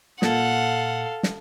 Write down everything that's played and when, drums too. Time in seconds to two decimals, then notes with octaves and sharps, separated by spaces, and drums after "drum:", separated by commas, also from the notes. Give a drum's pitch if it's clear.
0.22 A#2 A4 F5 F#5, drum: snare
1.23 drum: snare